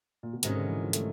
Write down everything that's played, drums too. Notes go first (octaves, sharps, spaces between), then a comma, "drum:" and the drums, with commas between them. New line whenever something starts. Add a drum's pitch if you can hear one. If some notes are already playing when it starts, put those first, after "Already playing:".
A#2
B2
G#2 C3 D#3 G#3 C#4, drum: hi-hat
D3
E3
F3
A3, drum: hi-hat